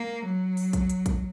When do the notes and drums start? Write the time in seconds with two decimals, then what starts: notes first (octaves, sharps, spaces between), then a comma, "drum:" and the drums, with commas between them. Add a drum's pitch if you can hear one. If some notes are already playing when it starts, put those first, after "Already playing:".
Already playing: A#3
0.25 F#3
0.57 drum: open hi-hat
0.73 drum: kick, hi-hat
0.90 drum: hi-hat
1.06 drum: kick, hi-hat